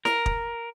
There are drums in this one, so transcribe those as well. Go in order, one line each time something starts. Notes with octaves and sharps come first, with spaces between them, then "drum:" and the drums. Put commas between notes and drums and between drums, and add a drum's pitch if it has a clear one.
A#4, drum: snare
drum: kick